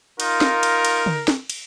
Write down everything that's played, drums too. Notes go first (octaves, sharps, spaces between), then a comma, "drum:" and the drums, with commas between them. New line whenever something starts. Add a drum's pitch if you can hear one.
D#4 F4 A#4, drum: cymbal
drum: snare
drum: cymbal
drum: cymbal
drum: tom
drum: snare
drum: cymbal